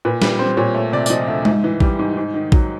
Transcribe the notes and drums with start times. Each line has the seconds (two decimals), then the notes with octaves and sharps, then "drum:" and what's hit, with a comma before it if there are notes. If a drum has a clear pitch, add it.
0.05 A#2 B4
0.22 G3 B4, drum: snare
0.39 C4 C5
0.57 A#2 C#5
0.75 A3 C#5
0.92 C3 D5
1.06 D5, drum: tambourine
1.10 F3 D#5
1.27 D2 E5
1.45 G#2, drum: tom G#3
1.64 E3
1.80 G3, drum: kick A#1
1.99 G#2
2.17 G#2
2.34 D#3
2.52 F#3, drum: kick A#1